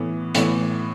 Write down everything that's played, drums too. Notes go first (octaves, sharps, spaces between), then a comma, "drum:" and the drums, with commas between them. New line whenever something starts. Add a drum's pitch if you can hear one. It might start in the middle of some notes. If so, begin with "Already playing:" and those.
Already playing: A2 E3 B3
A2 E3 B3, drum: hi-hat